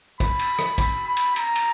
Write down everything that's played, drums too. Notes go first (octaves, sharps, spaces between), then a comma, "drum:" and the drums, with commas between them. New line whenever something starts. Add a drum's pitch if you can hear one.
B5, drum: kick, cymbal
drum: cymbal
drum: rim click
B5, drum: kick, cymbal
B5
drum: cymbal
A#5, drum: cymbal
drum: cymbal